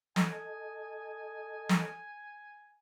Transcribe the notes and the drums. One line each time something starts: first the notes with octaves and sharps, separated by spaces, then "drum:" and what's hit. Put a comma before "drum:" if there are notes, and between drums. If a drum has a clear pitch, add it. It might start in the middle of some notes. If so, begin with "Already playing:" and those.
A4 D#5 G#5, drum: snare
drum: snare